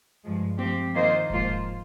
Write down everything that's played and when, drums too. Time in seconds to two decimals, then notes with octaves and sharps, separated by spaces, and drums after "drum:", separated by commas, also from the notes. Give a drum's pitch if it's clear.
0.24 G2 F3 G#3
0.59 F3 C4 G4, drum: tom A3
0.95 D#3 A#3 F4 C5 D#5
1.30 G#2 F3 A#3 F4 C5, drum: kick E1